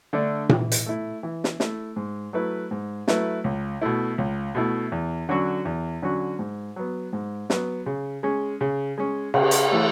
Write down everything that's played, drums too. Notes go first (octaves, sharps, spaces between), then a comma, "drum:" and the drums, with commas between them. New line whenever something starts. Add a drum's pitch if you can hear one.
D3 A3 D4
E3, drum: tom A#2
drum: hi-hat
A3 E4
E3
drum: snare
A3 E4, drum: snare
G#2
F#3 A3 E4 B4
G#2
F#3 A3 E4 B4, drum: snare
C#2
B2 A3 E4
C#2
B2 A3 E4
E2
D3 F#3 C#4 F#4
E2
D3 F#3 C#4 F#4
G#2
F#3 B3
G#2
F#3 B3, drum: snare
C#3
G#3 C#4
C#3
G#3 C#4
C#3, drum: cymbal
drum: hi-hat
E3 A3